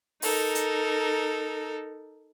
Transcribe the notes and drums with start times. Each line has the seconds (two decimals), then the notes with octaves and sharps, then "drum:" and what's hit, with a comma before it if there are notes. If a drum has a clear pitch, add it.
0.22 D#4 A4 A#4, drum: open hi-hat
0.55 drum: hi-hat